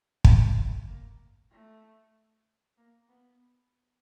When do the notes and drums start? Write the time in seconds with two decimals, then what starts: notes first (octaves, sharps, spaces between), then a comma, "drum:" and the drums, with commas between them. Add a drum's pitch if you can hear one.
0.25 A#3, drum: kick
0.56 A3
0.88 A#3
1.51 A3
2.78 A#3
3.09 B3